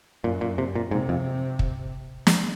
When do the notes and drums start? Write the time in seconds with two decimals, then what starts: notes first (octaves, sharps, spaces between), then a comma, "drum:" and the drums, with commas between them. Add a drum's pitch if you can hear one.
0.24 F#2 A#2
0.41 A#2
0.58 C3
0.75 A#2
0.91 G#2 C3
1.09 F2
1.59 drum: kick
2.27 drum: snare